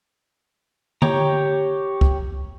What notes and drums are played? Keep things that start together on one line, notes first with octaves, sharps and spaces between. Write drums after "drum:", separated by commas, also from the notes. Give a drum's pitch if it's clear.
G4 C#5 G5 A#5, drum: tom D3
drum: kick